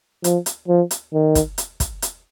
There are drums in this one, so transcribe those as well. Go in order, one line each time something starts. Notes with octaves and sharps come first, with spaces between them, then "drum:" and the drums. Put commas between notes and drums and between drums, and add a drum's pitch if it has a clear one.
F3, drum: hi-hat
drum: hi-hat
F3
drum: hi-hat
D#3
drum: kick, hi-hat
drum: hi-hat
drum: kick, hi-hat
drum: hi-hat